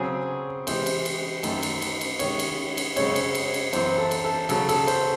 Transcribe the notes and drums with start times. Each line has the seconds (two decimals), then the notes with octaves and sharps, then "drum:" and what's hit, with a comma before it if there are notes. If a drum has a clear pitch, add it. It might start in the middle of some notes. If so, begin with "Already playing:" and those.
Already playing: C#3 F#3 C4 G#4
0.67 C3 E3 G#3 C5, drum: cymbal
0.86 drum: cymbal
1.05 drum: cymbal
1.43 F#2 D#3 A3 C#4, drum: cymbal
1.63 drum: cymbal
1.82 drum: cymbal
2.01 drum: cymbal
2.19 C3 D#3 G#3 C#5, drum: cymbal
2.39 drum: cymbal
2.77 drum: cymbal
2.96 F#2 C#3 G#3 C4 C#5, drum: cymbal
3.16 drum: cymbal
3.35 drum: cymbal
3.54 drum: cymbal
3.73 F#2 E3 C4 C5, drum: cymbal
3.98 A4
4.11 drum: cymbal
4.24 A4
4.49 C#3 F#3 C#4 A4, drum: cymbal
4.69 A4, drum: cymbal
4.87 C5, drum: cymbal